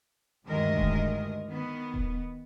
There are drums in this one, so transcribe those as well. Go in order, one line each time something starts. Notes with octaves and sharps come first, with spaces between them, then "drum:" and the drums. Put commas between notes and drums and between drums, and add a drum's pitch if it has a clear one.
D2 G2 D#3 G#3 A#4 D#5
drum: kick D#1
D#3 B3
drum: kick D#1